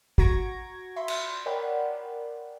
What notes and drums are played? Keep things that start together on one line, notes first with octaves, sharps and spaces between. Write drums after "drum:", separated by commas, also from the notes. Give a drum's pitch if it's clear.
F#4 A#5 C#6 G#6 A#6 D7, drum: kick
E5 B5 C6
drum: cymbal
A#4 C#5 D5 F#5 G5 B5